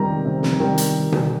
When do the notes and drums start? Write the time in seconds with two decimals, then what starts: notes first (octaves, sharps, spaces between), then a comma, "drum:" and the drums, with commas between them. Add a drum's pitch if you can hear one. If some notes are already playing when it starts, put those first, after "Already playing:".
Already playing: C3 D#3 G3 A#5
0.25 C3
0.43 drum: snare
0.60 D#3 G3
0.78 drum: hi-hat
1.12 drum: tom B2